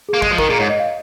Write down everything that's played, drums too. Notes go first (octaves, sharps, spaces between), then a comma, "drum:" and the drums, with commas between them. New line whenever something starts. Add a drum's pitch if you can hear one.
G#4
A#3
G#3, drum: kick
F3
D#3 A#4, drum: kick
A#2 G#4
G#2 C#5
D#5
F5